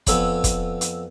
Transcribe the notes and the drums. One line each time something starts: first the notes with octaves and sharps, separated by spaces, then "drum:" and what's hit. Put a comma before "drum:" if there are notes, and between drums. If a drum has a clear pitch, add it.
F2 B3 A4 C#5 B5, drum: kick, hi-hat
drum: kick, hi-hat
drum: hi-hat